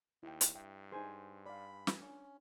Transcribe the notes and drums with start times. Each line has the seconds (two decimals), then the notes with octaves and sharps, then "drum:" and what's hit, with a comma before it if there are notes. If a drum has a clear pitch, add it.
0.23 D#2 E4 G5
0.41 drum: hi-hat
0.55 G2 E5 G5
0.92 D#4 G#4 C5 G#5
1.46 D5 F5 B5
1.87 drum: snare
2.00 C#4 D4